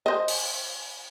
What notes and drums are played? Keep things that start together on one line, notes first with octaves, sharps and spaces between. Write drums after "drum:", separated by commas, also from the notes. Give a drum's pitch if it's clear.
C5 D#5
drum: open hi-hat